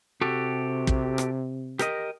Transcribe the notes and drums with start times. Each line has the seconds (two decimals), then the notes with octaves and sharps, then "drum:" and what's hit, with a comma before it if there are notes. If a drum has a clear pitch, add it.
0.21 C3 F#4 G4 A4
0.87 drum: kick
1.18 drum: rim click
1.79 G4 A#4 D#5, drum: rim click